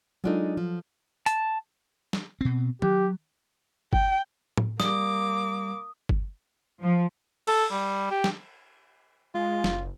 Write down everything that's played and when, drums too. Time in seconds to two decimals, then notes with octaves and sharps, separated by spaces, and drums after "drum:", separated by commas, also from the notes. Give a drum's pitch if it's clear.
0.24 F#3 G#3 D4 D#4 F4 A4
0.57 F3
1.26 A5, drum: hi-hat
2.13 drum: snare
2.41 B2 C4
2.82 F#3 G4, drum: tom D#3
3.93 G5, drum: kick G1
4.57 drum: tom A2
4.80 G3 A#3 D6 D#6, drum: snare
6.09 drum: kick G1
6.81 F3
7.47 A4, drum: cymbal
7.71 G3
8.11 G4
8.24 drum: snare
9.35 G#3 F4
9.64 F#1, drum: snare